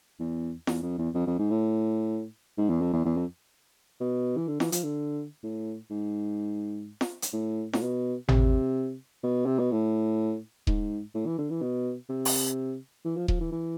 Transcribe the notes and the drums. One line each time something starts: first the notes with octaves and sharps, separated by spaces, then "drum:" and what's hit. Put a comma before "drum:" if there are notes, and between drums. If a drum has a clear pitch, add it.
E2
E2, drum: snare
F2
E2
F2
F2
G#2
A2
G#2
E2
F2
E2
E2
F2
B2
E3
D3
E3, drum: snare
F3, drum: hi-hat
D3
A2
G#2
drum: snare
drum: hi-hat
A2
A2, drum: snare
B2
C3, drum: tom G#1
B2
C3
B2
A2
G#2, drum: kick D#1
A2
E3
D3
E3
B2
C3
drum: open hi-hat
E3
F3
F3, drum: kick D#1
E3
E3